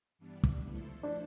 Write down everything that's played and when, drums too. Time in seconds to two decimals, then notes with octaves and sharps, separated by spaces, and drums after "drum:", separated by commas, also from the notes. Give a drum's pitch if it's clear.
0.18 G2 E3 G3 B3 D4
0.43 drum: kick
0.66 F3 A3 E4 A4 C5
1.03 D4